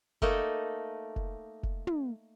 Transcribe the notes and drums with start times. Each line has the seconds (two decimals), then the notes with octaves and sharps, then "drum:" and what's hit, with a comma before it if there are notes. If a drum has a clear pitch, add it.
0.22 A3 A#3 D#4 A4, drum: kick F1
1.16 drum: kick F1
1.63 drum: kick F1
1.87 drum: tom